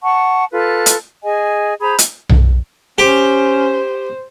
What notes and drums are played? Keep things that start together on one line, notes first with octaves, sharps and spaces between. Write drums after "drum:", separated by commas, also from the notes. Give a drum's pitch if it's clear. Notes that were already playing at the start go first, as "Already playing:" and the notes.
F#5 A5 C#6
F4 A4 B4
drum: hi-hat
G#4 D#5 G#5
G#4 C5 A#5 B5
drum: hi-hat
drum: tom B1
C#4 G4 C5